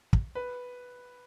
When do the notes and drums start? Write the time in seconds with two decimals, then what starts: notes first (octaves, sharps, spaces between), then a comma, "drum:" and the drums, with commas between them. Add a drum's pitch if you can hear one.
0.13 drum: kick
0.35 B4